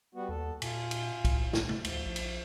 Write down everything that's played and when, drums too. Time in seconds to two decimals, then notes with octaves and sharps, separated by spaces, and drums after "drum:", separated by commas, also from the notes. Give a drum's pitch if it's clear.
0.15 G3 B3 F#4
0.29 D#2 A4
0.62 A#2 F4 G#5, drum: cymbal
0.91 drum: cymbal
1.25 A2, drum: kick, cymbal
1.53 drum: snare
1.69 drum: tom
1.84 D2 F3, drum: cymbal
2.05 A#1
2.16 drum: cymbal